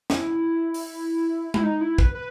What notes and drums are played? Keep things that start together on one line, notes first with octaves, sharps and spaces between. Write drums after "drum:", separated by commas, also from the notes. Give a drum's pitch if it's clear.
E4, drum: snare
drum: open hi-hat
E4, drum: tom G#3
D#4
E4
B4, drum: kick
B4